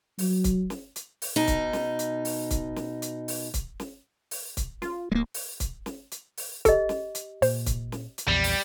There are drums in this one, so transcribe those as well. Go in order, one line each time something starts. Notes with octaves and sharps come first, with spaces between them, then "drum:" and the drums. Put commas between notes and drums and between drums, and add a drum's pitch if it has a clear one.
F#3, drum: open hi-hat
drum: kick C#1, hi-hat
drum: snare
drum: hi-hat
drum: open hi-hat
B2 D#4
drum: kick C#1, hi-hat
drum: snare
drum: hi-hat
drum: open hi-hat
drum: kick C#1, hi-hat
drum: snare
drum: hi-hat
drum: open hi-hat
drum: kick C#1, hi-hat
drum: snare
drum: open hi-hat
drum: kick C#1, hi-hat
F4, drum: snare
D1 G#3 A#3
drum: open hi-hat
drum: kick C#1, hi-hat
drum: snare
drum: hi-hat
drum: open hi-hat
G4 A4 D#5, drum: kick C#1, hi-hat
drum: snare
drum: hi-hat
A#2 C5, drum: open hi-hat
drum: kick C#1, hi-hat
drum: snare
drum: hi-hat
A#1 E2 G3
drum: open hi-hat